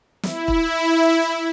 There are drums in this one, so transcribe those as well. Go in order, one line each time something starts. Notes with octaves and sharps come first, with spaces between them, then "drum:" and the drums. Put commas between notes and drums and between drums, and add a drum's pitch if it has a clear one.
E4, drum: snare
drum: kick